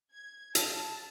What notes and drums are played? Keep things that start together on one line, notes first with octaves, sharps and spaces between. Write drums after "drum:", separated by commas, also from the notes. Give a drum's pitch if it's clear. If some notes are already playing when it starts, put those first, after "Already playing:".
G#6
A5, drum: hi-hat